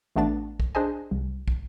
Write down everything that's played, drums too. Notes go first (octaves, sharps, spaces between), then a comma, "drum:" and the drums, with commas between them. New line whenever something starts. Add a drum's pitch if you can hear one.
A1 A3 B3 D4 A6
drum: kick
D4 G#4 C5 D#5 G#5
C2
drum: kick